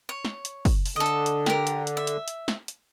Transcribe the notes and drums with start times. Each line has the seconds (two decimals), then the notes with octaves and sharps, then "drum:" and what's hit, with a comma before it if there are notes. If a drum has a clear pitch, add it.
0.09 C#5
0.25 drum: snare
0.45 drum: hi-hat
0.65 drum: kick, open hi-hat
0.85 drum: open hi-hat
0.96 D3 A4 D#5
1.06 drum: hi-hat
1.26 drum: hi-hat
1.46 G4 A#4, drum: snare
1.67 drum: hi-hat
1.87 drum: hi-hat
1.97 E5
2.07 drum: hi-hat
2.28 drum: hi-hat
2.48 drum: snare
2.68 drum: hi-hat